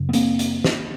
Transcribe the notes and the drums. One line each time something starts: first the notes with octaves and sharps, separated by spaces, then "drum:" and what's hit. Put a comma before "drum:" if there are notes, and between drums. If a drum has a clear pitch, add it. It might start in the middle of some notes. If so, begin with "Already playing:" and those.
Already playing: F#2 C#3
B3
A#3 C4, drum: hi-hat
drum: hi-hat
drum: snare